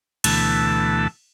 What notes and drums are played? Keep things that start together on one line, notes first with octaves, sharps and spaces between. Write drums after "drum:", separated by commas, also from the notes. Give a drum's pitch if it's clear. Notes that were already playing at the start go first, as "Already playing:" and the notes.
D2 B2 E3 A3 A5 E6, drum: cymbal